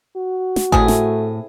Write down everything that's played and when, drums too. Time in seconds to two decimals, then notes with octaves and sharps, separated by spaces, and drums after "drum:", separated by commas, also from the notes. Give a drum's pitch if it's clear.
0.16 F#4
0.56 drum: snare
0.72 A2 C3 A3 G#4, drum: kick G#1
0.88 drum: snare